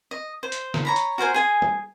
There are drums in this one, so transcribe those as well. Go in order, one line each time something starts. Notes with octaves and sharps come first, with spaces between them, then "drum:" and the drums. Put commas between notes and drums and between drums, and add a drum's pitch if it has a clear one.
D#5
C5
drum: hi-hat
drum: snare
C#5 A#5 B5
drum: hi-hat
F#4 A#4 C5 G#5
G#4 G#5
drum: tom